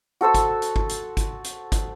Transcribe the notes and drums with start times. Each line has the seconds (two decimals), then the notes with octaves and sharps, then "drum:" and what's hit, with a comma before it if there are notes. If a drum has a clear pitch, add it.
0.21 F#4 A4 C5 E6
0.34 drum: kick G1, hi-hat
0.62 drum: hi-hat
0.76 drum: kick G1
0.89 drum: hi-hat
1.17 drum: kick G1, hi-hat
1.44 drum: hi-hat
1.72 drum: kick G1, hi-hat